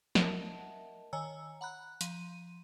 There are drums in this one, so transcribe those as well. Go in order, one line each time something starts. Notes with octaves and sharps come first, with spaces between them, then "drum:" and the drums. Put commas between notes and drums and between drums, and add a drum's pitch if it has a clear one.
A#4 D#5 E5 F#5 A5, drum: snare
D#3 C#5 G#5 A#5 E6
F#5 A#5 B5 F#6
F3 D#7, drum: hi-hat